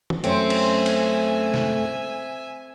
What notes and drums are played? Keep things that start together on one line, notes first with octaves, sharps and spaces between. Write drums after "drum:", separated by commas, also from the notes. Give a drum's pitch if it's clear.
drum: tom
F#2 A3 C4 C#4 C#5 E5 G#5, drum: hi-hat
drum: cymbal
drum: cymbal
drum: snare